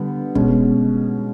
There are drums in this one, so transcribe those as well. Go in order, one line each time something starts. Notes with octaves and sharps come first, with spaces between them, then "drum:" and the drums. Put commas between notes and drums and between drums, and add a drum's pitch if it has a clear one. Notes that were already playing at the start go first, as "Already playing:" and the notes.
Already playing: D3 G3 B3
B2 G#3 C#4, drum: kick